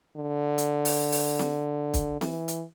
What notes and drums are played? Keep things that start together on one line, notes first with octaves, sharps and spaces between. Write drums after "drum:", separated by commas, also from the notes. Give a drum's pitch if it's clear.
D3
drum: hi-hat
drum: open hi-hat
drum: open hi-hat
drum: snare C4
drum: kick, hi-hat
E3, drum: snare C4
drum: hi-hat